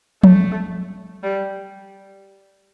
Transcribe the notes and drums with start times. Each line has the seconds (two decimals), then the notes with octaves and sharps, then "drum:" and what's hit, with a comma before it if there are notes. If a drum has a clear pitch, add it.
0.23 A3, drum: tom F3
1.23 G3